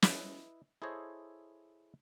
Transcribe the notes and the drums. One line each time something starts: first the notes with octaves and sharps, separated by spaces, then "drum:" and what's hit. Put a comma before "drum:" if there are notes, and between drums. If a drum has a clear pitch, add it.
E4 B4 D#5, drum: snare
E4 G#4 A4 C5 C#5 D#5